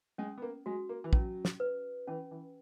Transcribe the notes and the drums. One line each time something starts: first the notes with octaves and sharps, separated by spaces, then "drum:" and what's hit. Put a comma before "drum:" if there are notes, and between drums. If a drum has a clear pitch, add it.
G#3 C#4
B3
A#3
G#3 F#4
A#3
E3
F#3 C#4, drum: kick
drum: snare
B4
E3 C#4
E3